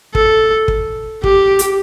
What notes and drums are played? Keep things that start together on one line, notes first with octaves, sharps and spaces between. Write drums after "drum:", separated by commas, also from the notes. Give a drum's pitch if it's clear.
A4, drum: kick
drum: kick
G4, drum: kick
drum: hi-hat